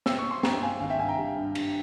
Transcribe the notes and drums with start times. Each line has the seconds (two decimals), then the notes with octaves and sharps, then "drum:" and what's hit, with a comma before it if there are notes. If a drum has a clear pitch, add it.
0.06 E6, drum: snare
0.19 C#6
0.31 C6
0.43 G2 G5 A#5, drum: snare
0.62 G2 F5 G#5
0.81 G#1 F5
0.90 E5 G5
0.99 G2 F5 G#5
1.08 G5 A#5
1.18 G3
1.37 G2
1.55 G2, drum: cymbal